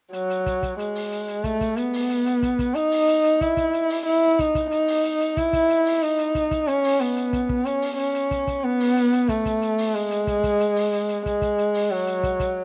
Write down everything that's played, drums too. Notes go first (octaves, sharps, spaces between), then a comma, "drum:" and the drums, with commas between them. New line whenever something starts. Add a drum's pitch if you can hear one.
F#3, drum: hi-hat
drum: hi-hat
drum: kick, hi-hat
drum: kick, hi-hat
G#3, drum: hi-hat
drum: open hi-hat
drum: hi-hat
drum: hi-hat
A3, drum: kick, hi-hat
drum: kick, hi-hat
B3, drum: hi-hat
drum: open hi-hat
drum: hi-hat
drum: hi-hat
drum: kick, hi-hat
drum: kick, hi-hat
D#4, drum: hi-hat
drum: open hi-hat
drum: hi-hat
drum: hi-hat
E4, drum: kick, hi-hat
drum: kick, hi-hat
drum: hi-hat
drum: open hi-hat
E4
D#4, drum: kick, hi-hat
drum: kick, hi-hat
D#4, drum: hi-hat
drum: open hi-hat
drum: hi-hat
drum: hi-hat
E4, drum: kick, hi-hat
drum: kick, hi-hat
drum: hi-hat
drum: open hi-hat
D#4, drum: hi-hat
drum: hi-hat
drum: kick, hi-hat
drum: kick, hi-hat
C#4, drum: hi-hat
drum: open hi-hat
B3, drum: hi-hat
drum: hi-hat
drum: kick, hi-hat
drum: kick
C#4, drum: hi-hat
drum: open hi-hat
C#4, drum: hi-hat
drum: hi-hat
drum: kick, hi-hat
drum: kick, hi-hat
B3
drum: open hi-hat
drum: hi-hat
drum: hi-hat
A3, drum: kick, hi-hat
drum: kick, hi-hat
drum: hi-hat
drum: open hi-hat
G#3, drum: hi-hat
drum: hi-hat
drum: kick, hi-hat
drum: kick, hi-hat
drum: hi-hat
drum: open hi-hat
drum: hi-hat
drum: hi-hat
G#3, drum: kick, hi-hat
drum: kick, hi-hat
drum: hi-hat
drum: open hi-hat
F#3
drum: hi-hat
drum: kick, hi-hat
drum: kick, hi-hat